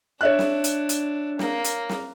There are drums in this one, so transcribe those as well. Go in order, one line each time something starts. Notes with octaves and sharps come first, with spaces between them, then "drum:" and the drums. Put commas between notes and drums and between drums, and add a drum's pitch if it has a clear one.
D4 C#5 E5 F#6
drum: snare
drum: hi-hat
drum: hi-hat
A#3, drum: snare
drum: hi-hat
drum: snare